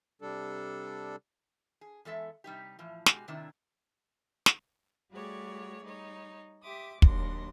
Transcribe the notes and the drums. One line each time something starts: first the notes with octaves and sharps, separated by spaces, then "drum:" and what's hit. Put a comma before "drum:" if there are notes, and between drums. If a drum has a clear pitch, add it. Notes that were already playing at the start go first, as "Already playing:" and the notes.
C3 G3 D4 A4
G#4
E2 G#3 A4 E5
C3 G3 D#4 G4
A2 E3 F3
B2 G#3 F#4 G4, drum: snare
A2 C3 D#3 C4 D4 E4
drum: snare
G3 A3 F#4 G#4 C#5 D5
G3 D#4 C#5
G4 E5 C6 D6 D#6
D#2 F#3 D4 C6 A#6, drum: kick